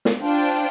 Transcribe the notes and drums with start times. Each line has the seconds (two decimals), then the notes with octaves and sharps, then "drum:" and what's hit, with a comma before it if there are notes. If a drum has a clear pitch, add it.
0.05 drum: snare
0.21 D4 F4 C5 G5